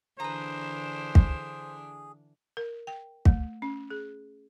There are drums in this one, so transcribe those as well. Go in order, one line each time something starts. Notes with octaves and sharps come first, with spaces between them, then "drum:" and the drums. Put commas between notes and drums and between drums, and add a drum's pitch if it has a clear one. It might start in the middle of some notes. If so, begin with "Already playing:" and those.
D3 E3 D4 G#4 B4 C5 A#5
drum: kick
A#4
G5
A3, drum: kick
C#4
G#4